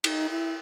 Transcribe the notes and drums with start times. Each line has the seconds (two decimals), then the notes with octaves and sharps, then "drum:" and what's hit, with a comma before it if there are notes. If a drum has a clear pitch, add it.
0.04 E4, drum: cymbal
0.08 D#4
0.30 E4